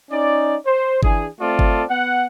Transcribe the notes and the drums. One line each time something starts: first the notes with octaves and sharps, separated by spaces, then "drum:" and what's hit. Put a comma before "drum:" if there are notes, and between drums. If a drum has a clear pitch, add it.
C#4 D#4 D5
C5
E3 D4 G#4, drum: kick G1
A3 C4 F4 A4 D5
drum: kick G1
B3 F#5